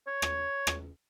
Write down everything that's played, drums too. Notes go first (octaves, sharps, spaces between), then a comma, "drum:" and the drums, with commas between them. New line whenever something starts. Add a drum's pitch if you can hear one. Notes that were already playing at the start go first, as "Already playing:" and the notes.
C#5
drum: rim click
drum: rim click